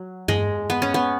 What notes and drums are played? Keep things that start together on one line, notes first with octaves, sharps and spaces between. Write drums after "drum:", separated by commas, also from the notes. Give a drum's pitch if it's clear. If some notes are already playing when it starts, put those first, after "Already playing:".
Already playing: F#3
G#3, drum: tom G2
B3
C#4
B3